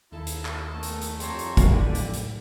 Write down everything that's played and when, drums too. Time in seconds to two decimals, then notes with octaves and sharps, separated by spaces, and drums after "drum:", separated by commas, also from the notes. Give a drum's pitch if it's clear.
0.12 D#2 D#4 E4 A4
0.27 drum: hi-hat
0.45 drum: clap
0.73 A3 B3 C#4 A#4
0.83 drum: hi-hat
1.01 drum: hi-hat
1.20 F2 G4 A4 C#5 A#5 C6, drum: hi-hat
1.39 drum: hi-hat
1.57 drum: kick, hi-hat
1.71 A2 D3 F#3 A3 D5 G5 B5
1.95 drum: hi-hat
2.13 drum: hi-hat